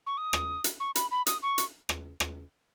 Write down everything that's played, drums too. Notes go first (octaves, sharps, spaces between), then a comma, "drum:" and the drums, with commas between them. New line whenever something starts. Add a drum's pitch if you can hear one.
C#6
D#6
drum: rim click
drum: hi-hat
C#6
B5, drum: hi-hat
B5
D#6, drum: hi-hat
C#6
drum: hi-hat
drum: rim click
drum: rim click